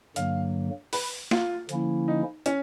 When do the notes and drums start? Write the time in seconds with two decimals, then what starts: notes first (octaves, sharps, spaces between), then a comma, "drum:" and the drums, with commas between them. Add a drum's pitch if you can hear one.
0.16 G2 D3 F#3 A#3 F5, drum: hi-hat
0.93 B4, drum: open hi-hat
1.31 F4, drum: snare A#3
1.69 D3 F3 A#3 C#4 E4, drum: hi-hat
2.08 D#4
2.46 C#4, drum: hi-hat